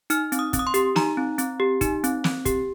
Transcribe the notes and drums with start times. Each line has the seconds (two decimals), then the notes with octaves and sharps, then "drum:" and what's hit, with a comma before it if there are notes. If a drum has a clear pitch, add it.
0.10 D#4 F6, drum: hi-hat
0.32 C4, drum: hi-hat
0.39 D#6
0.53 C4, drum: kick, hi-hat
0.59 D#6
0.67 C6
0.74 G4, drum: hi-hat
0.96 D#4 A#5, drum: snare
1.17 C4
1.38 C4, drum: hi-hat
1.60 G4
1.81 D#4, drum: kick, hi-hat
2.04 C4, drum: hi-hat
2.24 C4, drum: snare
2.46 G4, drum: kick, hi-hat